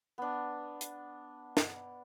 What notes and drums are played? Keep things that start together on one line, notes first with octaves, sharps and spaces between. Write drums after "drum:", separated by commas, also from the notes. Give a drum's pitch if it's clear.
B3 D4
drum: hi-hat
drum: snare